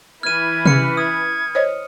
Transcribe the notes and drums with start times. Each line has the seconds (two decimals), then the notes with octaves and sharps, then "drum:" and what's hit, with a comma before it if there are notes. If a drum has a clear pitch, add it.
0.23 E3 E4 B4 F6 G#6 D#7
0.66 C#4 F6 C#7, drum: tom C3
0.97 D#6 G#6
1.55 C5 C#5 D#5